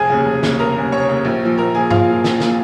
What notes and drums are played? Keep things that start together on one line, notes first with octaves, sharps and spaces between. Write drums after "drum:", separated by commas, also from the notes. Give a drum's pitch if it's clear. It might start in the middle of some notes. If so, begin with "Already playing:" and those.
Already playing: F1 G#4 G#5
D#2 C#3
F1
D#2 C#3, drum: snare
F1 A#4 A#5
D#2 C#3
F1 C#5 C#6
D#2 C#3
A#1
A#2 F3
A#1 A#4 A#5
A#2 F3 G#4 G#5
A#1 F4 F5, drum: tom G2
A#2 F3
A#1, drum: snare
A#2 F3, drum: snare